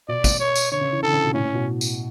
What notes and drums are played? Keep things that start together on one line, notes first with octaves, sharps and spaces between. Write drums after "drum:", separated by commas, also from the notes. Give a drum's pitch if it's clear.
B2 D5
drum: kick, tambourine
C#5
drum: tambourine
D3 C#5
C#3
E3
D3 A4
C#3
B2
A2 C#4
A2
B2
drum: tambourine